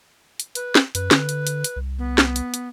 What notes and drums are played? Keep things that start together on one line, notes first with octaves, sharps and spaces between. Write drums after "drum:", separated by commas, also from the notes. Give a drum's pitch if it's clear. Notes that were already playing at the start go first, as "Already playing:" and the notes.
drum: hi-hat
B4, drum: hi-hat
drum: snare
F#2 B4, drum: hi-hat
D3, drum: snare
drum: hi-hat
drum: hi-hat
drum: hi-hat
C2
B3
drum: snare
drum: hi-hat
drum: hi-hat